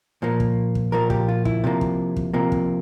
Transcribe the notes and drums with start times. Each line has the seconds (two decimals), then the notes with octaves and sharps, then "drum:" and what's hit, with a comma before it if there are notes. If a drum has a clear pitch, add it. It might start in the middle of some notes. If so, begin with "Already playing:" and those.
0.22 A#2 F3 A#3
0.40 drum: kick
0.75 drum: kick
0.92 A#2 F3 A#3 A#4
1.10 G4, drum: kick
1.28 F4
1.45 E4, drum: kick
1.64 C3 F3 A#3
1.81 drum: kick
2.16 drum: kick
2.34 C3 F3 A#3
2.52 drum: kick